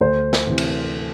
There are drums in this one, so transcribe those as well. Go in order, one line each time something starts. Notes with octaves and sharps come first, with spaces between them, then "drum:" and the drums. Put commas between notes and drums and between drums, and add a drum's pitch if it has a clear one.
D2 C5
drum: snare
C3 E3
drum: cymbal